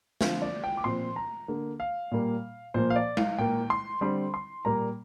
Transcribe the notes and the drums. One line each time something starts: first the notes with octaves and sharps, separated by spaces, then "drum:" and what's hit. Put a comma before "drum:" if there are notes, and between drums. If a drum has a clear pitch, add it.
D3 F3 C4 F5, drum: snare
D5
G5
D6
A#2 F3 C4 C6
A#5
D3 A#3
F5
A#2 G3 A#3
A#2 F3 A#3 C5
F5
D5
F5, drum: tom G#3
A#2 A#3 G5
C6
D3 G3 C4 C6
C6
A#2 G3 A#3 A#5